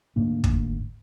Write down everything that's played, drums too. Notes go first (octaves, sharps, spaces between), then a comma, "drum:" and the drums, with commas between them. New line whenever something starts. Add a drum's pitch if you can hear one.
D2 G#2 A#3 D4
drum: kick